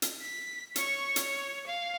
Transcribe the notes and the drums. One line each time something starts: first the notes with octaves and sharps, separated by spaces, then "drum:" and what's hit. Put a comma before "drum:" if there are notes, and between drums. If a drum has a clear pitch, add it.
drum: hi-hat
B6
C#5 C#6, drum: hi-hat
C#5, drum: hi-hat
F5